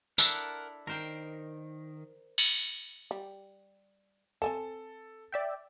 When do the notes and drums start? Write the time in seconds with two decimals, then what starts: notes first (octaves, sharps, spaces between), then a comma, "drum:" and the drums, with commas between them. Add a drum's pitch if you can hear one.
0.18 D4 E4 A4 A#4 F#5, drum: tambourine
0.87 D#3 A#4 C5 G5
2.38 drum: cymbal
3.11 G3
4.42 C4 A4 G#5 A5
5.32 D5 E5 G5